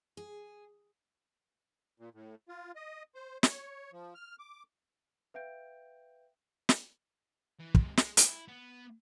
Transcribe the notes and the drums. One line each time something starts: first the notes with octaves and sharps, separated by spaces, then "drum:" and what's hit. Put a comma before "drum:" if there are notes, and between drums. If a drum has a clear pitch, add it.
G#4
A#2
A2
F4
D#5
C5
C#5, drum: snare
F3
F6
D6
B4 E5 F5 G5 G6 D7
drum: snare
E3
G#2 C3, drum: kick
G#3, drum: snare
E4, drum: hi-hat
B3